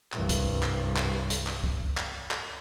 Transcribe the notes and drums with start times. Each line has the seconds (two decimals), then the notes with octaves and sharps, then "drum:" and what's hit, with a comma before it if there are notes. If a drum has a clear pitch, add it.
0.12 C2 G2, drum: clap
0.29 drum: kick C#2, hi-hat
0.63 drum: clap
0.96 drum: clap
1.30 drum: hi-hat
1.47 drum: clap
1.64 drum: kick C#2
1.97 drum: clap
2.31 drum: clap